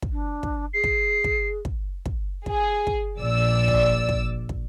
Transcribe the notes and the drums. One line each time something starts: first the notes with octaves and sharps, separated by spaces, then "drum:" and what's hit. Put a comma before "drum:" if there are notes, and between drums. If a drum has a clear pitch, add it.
drum: kick
D4
drum: kick
G#4 C7
drum: kick
drum: kick
drum: kick
drum: kick
G#4, drum: kick
drum: kick
A#1 D5 E6
drum: kick
drum: kick
drum: kick